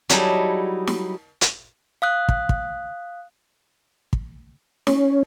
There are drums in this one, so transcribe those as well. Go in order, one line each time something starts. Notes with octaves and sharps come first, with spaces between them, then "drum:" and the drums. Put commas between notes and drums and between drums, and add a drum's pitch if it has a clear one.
F#3 G3 D#4 E4 G#4 A4, drum: hi-hat
drum: snare
drum: hi-hat
F5 D#6 F#6
drum: kick
drum: kick
drum: kick
C#4, drum: snare